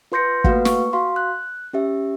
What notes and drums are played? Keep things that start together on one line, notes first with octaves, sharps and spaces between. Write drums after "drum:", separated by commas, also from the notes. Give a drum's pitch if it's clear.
F4 B4 C6 G6 A#6 C#7
A3 A#3 F#4 B4 F5 F#5, drum: kick
C#6, drum: snare
F#4 F5 C6
F#6
C#4 G4 E5